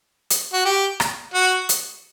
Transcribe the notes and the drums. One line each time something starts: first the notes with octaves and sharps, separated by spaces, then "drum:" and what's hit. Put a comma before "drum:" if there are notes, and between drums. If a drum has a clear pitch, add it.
drum: hi-hat
F#4
G4
drum: rim click
F#4
drum: hi-hat